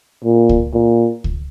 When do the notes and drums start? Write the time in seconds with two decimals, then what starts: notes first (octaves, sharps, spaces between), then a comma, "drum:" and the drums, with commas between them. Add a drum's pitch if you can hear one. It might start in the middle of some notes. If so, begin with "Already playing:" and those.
0.24 A#2
0.49 drum: kick C#2
0.74 A#2
1.24 drum: kick C#2